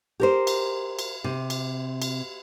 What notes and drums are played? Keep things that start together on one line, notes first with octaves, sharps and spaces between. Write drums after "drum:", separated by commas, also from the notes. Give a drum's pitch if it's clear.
G4 A#4 C5
drum: cymbal
drum: cymbal
C3
drum: cymbal
drum: cymbal